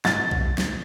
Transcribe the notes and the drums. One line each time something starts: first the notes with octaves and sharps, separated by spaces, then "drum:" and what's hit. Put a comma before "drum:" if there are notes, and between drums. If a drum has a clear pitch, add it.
A6, drum: snare
drum: kick B1
drum: snare